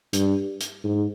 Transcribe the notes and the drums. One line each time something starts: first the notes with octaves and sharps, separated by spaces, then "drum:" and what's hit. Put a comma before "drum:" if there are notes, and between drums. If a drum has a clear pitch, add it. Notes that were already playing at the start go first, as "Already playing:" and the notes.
G2, drum: hi-hat
drum: hi-hat
G#2